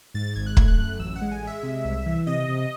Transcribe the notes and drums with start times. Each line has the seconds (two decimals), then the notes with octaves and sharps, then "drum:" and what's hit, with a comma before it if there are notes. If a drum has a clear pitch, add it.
0.14 G#2 A6
0.36 G#1 G#6
0.46 F#6
0.57 A3 G#6, drum: kick
0.68 F#6
0.78 F#2
0.99 A1 E6
1.16 F#5
1.21 G#3
1.31 G#5
1.43 G#3 E5
1.63 C3
1.85 C2
2.06 E3
2.27 C3 D#5
2.48 C3